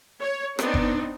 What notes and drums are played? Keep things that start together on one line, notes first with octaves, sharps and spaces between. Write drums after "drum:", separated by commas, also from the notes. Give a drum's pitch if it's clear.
C#5
B3 C4 D4 D#4, drum: rim click
drum: kick F#1